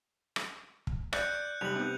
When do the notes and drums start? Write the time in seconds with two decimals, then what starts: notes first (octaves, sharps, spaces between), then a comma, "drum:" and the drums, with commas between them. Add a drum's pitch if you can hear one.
0.36 drum: rim click
0.87 drum: kick
1.13 D5 F#6 G6 C#7, drum: rim click
1.61 F1 G3 F7 F#7
1.75 C3 B3